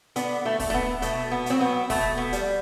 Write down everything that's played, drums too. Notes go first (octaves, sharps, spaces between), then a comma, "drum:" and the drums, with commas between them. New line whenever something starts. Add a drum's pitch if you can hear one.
D3 B3, drum: hi-hat
A3
A3, drum: kick, open hi-hat
A3
B3
B2 A3, drum: hi-hat
B3
A3, drum: hi-hat
F#3 C4
B3
B2 A3, drum: kick, open hi-hat
B3
G3, drum: hi-hat